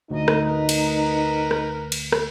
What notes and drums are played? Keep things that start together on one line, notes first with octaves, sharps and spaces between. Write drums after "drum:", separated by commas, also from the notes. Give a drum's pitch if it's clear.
D2 A2 D#4 D#5
drum: rim click
A#4 B4
drum: cymbal
drum: rim click
drum: cymbal
drum: rim click